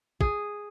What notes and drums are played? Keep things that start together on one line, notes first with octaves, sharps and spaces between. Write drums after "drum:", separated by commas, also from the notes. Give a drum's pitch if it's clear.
G#4, drum: kick